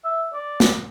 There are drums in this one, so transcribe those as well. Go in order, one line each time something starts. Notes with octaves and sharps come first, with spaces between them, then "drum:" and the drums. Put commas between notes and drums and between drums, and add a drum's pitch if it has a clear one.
E5
D5
drum: snare